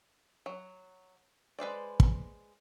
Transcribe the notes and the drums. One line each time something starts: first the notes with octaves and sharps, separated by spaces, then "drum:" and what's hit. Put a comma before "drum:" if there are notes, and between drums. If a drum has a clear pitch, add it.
F#3
G#3 B4 C5 D5
drum: kick